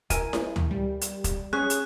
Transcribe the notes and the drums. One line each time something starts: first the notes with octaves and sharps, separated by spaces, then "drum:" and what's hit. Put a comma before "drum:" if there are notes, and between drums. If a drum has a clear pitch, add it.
E4 A#4 G#5, drum: kick, hi-hat
drum: snare E4
drum: tom D2
G3
drum: hi-hat
drum: kick, hi-hat
C#4 G#4 C#5 F#6
drum: hi-hat